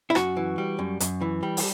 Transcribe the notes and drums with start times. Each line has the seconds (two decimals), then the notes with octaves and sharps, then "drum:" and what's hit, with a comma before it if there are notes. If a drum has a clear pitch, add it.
0.10 E4
0.15 F#2 F#4, drum: rim click
0.37 E3
0.58 G3
0.79 F#2
1.00 F#2, drum: hi-hat
1.21 E3
1.43 G3
1.57 drum: open hi-hat